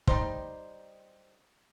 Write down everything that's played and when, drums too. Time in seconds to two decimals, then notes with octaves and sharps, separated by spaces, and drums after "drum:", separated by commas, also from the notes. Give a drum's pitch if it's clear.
0.07 G3 D#4 C5, drum: kick